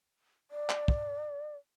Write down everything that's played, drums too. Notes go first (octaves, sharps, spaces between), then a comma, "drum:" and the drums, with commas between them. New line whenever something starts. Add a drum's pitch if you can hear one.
D5
drum: clap
drum: kick